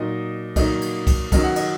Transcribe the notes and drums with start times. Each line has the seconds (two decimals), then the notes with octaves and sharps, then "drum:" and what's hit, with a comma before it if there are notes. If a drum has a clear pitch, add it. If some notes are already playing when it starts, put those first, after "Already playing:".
Already playing: A#2 F#3 D#4 D#5
0.56 A#2 F#3 D#4, drum: kick, cymbal
0.82 drum: cymbal
1.07 drum: kick, cymbal
1.32 F#2 D#3 F#3 D#5, drum: kick, cymbal
1.44 F#5
1.56 D#5, drum: cymbal